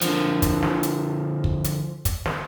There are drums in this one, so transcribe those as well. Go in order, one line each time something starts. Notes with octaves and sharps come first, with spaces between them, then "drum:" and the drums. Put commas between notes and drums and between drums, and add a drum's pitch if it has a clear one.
D3 F3, drum: hi-hat
drum: kick, hi-hat
drum: snare
drum: hi-hat
drum: kick
drum: hi-hat
drum: kick, hi-hat
drum: snare